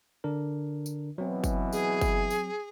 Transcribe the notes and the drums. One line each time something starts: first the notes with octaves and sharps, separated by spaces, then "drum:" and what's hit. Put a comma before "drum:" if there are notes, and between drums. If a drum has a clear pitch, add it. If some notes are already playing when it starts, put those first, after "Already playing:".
D3 D4 A#4
drum: tambourine
B2 E3 F#3 C4
drum: kick F#1, tambourine
G#4, drum: tambourine
drum: kick F#1, tambourine
drum: tambourine